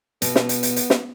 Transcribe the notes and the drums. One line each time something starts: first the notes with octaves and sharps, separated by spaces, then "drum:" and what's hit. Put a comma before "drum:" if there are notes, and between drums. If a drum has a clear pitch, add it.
B2 B3, drum: hi-hat
drum: snare
drum: hi-hat
drum: hi-hat
drum: hi-hat
drum: snare